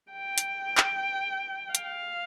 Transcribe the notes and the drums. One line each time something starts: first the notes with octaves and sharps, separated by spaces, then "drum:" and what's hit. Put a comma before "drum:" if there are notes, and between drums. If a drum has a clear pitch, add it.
G5
drum: hi-hat
drum: clap
F5, drum: hi-hat